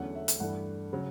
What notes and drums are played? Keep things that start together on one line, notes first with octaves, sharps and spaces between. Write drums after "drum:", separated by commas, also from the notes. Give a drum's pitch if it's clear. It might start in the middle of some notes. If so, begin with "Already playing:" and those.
Already playing: E2 D3 F#3 A3 C#4 F#5
E5
drum: hi-hat
G2 E3 A3 D4 F#5
C#3 F#3